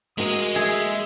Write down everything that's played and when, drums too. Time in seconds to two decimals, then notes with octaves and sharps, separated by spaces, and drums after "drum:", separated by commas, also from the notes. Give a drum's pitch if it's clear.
0.18 G#3 A#3 F#4 D#6, drum: cymbal
0.56 G#4 E5